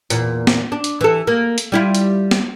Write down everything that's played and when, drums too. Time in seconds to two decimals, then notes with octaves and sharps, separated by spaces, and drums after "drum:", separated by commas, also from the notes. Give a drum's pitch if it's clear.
0.10 E2 A#2, drum: hi-hat
0.47 drum: snare
0.72 D4
0.84 drum: hi-hat
1.01 E3 A4
1.27 A#3
1.58 drum: hi-hat
1.72 G3 E4 F4
1.95 drum: hi-hat
2.31 drum: snare